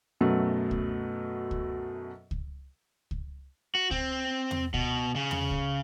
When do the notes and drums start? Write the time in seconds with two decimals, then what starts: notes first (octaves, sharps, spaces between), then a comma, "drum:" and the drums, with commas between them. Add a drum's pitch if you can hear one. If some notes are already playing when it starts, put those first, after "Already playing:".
0.21 F#2 B2 F#3 A3
0.71 drum: kick C#2
1.51 drum: kick C#2
2.31 drum: kick C#2
3.11 drum: kick C#2
3.75 F#4
3.91 C4, drum: kick C#2
4.51 drum: tom E2
4.74 B2, drum: kick C#2
5.16 C#3
5.31 drum: tom E2
5.51 drum: kick C#2